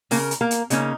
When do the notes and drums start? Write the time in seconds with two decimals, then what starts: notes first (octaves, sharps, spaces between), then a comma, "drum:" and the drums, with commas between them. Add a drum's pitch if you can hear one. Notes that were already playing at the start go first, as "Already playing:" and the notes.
0.11 C#3 A#3 A#4, drum: open hi-hat
0.31 drum: hi-hat
0.41 A#3 A#4
0.51 drum: hi-hat
0.70 C#3 A#3 C#4 D#4, drum: hi-hat